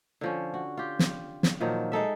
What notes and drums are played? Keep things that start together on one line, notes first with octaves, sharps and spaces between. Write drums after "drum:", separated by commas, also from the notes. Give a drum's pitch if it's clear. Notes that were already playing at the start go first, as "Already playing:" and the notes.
D3 F3 C#4
F#4
F4 G4
drum: snare
drum: snare
A#2 D#3 F3 F#3
G#3 D#4 A4 E5